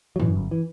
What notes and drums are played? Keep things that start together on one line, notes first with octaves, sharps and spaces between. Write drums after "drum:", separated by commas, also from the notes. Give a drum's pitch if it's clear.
F#3
F#2 E3, drum: tom
G1
E3